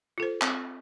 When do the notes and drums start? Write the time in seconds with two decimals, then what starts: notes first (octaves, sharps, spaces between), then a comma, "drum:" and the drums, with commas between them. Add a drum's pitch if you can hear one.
0.18 F4 A4 C5
0.41 C4, drum: clap